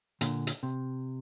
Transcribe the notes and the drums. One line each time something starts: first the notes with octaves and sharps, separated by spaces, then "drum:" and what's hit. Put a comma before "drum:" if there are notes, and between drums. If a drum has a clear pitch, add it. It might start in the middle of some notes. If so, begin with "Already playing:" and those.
A#2 D3, drum: hi-hat
drum: hi-hat
C3